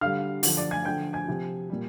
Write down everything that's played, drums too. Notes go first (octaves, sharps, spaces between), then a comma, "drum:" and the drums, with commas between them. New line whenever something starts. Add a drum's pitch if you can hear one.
D3 G3 F5 F6
D3 F3, drum: open hi-hat
D5 D6
G#5 G#6
D3 F3 G5 G6
G#5 G#6
C3 F3
A#2 G3